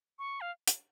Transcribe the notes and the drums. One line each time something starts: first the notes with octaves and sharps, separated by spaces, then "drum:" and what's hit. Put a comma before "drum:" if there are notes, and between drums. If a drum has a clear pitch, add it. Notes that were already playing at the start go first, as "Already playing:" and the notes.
C#6
F5
drum: hi-hat